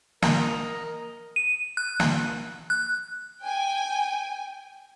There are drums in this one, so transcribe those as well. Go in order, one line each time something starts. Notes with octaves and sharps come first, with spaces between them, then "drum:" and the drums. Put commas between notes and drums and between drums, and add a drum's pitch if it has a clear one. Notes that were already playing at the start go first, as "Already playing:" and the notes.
A#4 D#5 A#5, drum: snare
D#7
F#6
drum: snare
F#6
G5 G#5